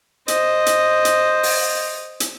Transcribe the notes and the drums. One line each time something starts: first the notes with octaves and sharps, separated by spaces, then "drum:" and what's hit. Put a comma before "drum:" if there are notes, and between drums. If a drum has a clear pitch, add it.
C5 D#5, drum: hi-hat
drum: hi-hat
drum: hi-hat
drum: open hi-hat
drum: hi-hat